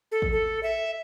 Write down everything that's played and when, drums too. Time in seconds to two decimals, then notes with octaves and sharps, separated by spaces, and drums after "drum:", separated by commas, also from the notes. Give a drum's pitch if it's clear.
0.12 A4
0.22 drum: kick A1
0.32 A4
0.63 E5